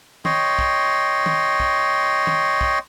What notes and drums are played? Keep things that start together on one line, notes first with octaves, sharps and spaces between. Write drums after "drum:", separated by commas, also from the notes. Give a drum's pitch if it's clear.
C#5 D#5 G5 C6, drum: tom D#3
drum: kick
drum: tom D#3
drum: kick
drum: tom D#3
drum: kick